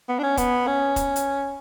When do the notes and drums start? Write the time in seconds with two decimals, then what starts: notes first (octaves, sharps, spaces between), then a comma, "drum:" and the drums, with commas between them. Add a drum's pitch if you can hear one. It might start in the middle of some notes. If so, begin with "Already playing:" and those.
0.09 B3
0.19 D4
0.23 C#4
0.37 B3, drum: kick, hi-hat
0.67 C#4
0.96 drum: kick, hi-hat
1.16 drum: hi-hat